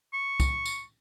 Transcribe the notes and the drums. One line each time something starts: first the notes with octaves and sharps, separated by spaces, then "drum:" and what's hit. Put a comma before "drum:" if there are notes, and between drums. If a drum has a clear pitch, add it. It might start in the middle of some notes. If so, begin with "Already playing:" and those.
C#6
drum: kick C2, tambourine
drum: tambourine